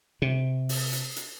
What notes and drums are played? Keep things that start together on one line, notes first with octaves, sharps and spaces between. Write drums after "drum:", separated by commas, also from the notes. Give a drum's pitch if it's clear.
C3
drum: open hi-hat
drum: hi-hat
drum: hi-hat